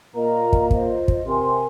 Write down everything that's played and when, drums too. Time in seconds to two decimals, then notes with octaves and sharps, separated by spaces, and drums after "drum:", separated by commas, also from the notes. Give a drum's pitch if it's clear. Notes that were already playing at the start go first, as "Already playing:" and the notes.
0.15 A#2 A#3 F4 A#4 D#5 A#5
0.53 drum: kick
0.71 F4 C5 D#5, drum: kick
1.08 drum: kick
1.26 C3 C4 A#4 G#5 C6